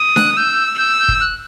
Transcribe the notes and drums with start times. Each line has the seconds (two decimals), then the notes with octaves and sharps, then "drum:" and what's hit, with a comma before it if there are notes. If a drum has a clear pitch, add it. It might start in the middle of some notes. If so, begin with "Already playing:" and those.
Already playing: D#6
0.16 F#6, drum: snare D4
0.36 E6 G6
0.78 E6 G6
0.99 G6
1.08 drum: kick
1.20 F#6